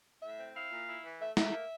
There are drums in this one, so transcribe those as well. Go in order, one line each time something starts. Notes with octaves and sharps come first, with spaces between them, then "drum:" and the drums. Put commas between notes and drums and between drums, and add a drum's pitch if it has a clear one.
A2 E5
C4
E4 F5
A#2
E4
E3
A3 E5
A3 E5, drum: snare
A#3